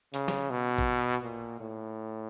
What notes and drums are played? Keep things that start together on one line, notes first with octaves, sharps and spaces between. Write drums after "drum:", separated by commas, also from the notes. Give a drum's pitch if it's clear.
C#3, drum: hi-hat
drum: snare
B2
drum: kick A1
A#2
A2